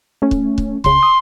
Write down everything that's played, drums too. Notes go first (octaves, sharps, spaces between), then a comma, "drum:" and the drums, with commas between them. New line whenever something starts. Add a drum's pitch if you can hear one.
A3 C#4
drum: kick C#1
drum: kick C#1
C#2 C#3 C6, drum: kick C#1
D#6